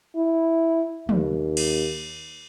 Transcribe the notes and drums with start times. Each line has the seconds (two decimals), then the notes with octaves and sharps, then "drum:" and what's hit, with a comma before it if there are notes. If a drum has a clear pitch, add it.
0.16 E4
1.09 D#2, drum: tom
1.57 drum: cymbal